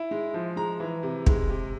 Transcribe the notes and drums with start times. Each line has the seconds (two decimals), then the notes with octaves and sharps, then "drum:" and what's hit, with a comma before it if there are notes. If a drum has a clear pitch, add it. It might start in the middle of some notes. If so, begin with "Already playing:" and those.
Already playing: E4
0.11 G#3
0.34 F3
0.56 G#3 A#5
0.80 E3
1.03 C3
1.26 G#3, drum: kick
1.49 C3